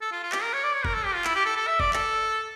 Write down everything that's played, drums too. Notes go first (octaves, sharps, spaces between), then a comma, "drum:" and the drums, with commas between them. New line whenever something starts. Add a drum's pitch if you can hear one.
A4
F4
F4
G4, drum: clap
A#4
C#5
D5
C#5
A#4, drum: kick F#1
A4
G4
F4
E4, drum: clap
G4
A4
A4
E5
D5, drum: kick F#1
A4, drum: clap